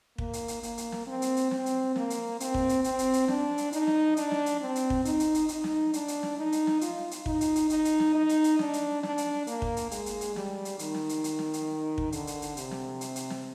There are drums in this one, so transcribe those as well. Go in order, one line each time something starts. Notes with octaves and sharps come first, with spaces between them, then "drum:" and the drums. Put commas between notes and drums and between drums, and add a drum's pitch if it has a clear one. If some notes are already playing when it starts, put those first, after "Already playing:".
A#3, drum: kick
drum: hi-hat
drum: hi-hat
A#3, drum: hi-hat
drum: hi-hat
drum: snare
C4
drum: hi-hat
drum: hi-hat
C4, drum: snare
drum: hi-hat
A#3, drum: snare
drum: hi-hat
C4, drum: hi-hat
drum: kick
drum: hi-hat
C4, drum: hi-hat
drum: hi-hat
drum: hi-hat
D4, drum: snare
drum: hi-hat
D#4, drum: hi-hat
drum: snare
D4, drum: hi-hat
drum: snare
drum: hi-hat
C4
drum: hi-hat
drum: kick
D#4, drum: hi-hat
drum: hi-hat
drum: hi-hat
D#4, drum: hi-hat
drum: snare
D4, drum: hi-hat
drum: hi-hat
drum: snare
D#4
drum: hi-hat
drum: snare
F4, drum: hi-hat
drum: hi-hat
D#4, drum: kick
drum: hi-hat
drum: hi-hat
D#4, drum: hi-hat
drum: hi-hat
drum: snare
D#4
drum: hi-hat
drum: hi-hat
D4, drum: snare
drum: hi-hat
D4, drum: snare
drum: hi-hat
A#3, drum: hi-hat
drum: kick
drum: hi-hat
G#3, drum: hi-hat
drum: hi-hat
drum: hi-hat
G3, drum: snare
drum: hi-hat
D#3, drum: hi-hat
drum: snare
drum: hi-hat
drum: hi-hat
drum: snare
drum: hi-hat
drum: kick
D3, drum: hi-hat
drum: hi-hat
drum: hi-hat
C3, drum: hi-hat
drum: snare
drum: hi-hat
drum: hi-hat
drum: snare